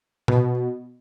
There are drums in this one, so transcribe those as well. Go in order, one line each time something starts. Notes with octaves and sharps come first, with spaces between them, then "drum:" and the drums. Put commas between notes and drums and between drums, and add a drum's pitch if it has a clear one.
B2, drum: tom